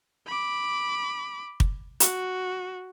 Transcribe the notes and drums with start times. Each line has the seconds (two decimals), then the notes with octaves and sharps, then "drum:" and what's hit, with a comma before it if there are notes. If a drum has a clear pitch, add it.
0.27 B5 D6
1.60 drum: kick
2.00 F#4, drum: hi-hat